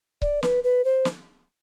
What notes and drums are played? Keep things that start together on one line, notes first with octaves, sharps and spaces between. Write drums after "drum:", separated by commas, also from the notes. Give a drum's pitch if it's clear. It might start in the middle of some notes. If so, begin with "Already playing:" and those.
D5, drum: kick C#1
B4, drum: snare
B4
C5
drum: snare